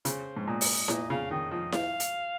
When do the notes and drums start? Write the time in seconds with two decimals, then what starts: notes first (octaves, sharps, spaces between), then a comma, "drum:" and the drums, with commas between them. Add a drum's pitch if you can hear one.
0.05 C#3 C5, drum: hi-hat
0.37 G#2
0.47 A#2 D#5
0.61 drum: open hi-hat
0.88 A#2 D#5, drum: snare E4
1.10 C#3 F5
1.31 D#3 D#5
1.51 F3 D#5
1.72 F5, drum: snare E4
2.00 drum: hi-hat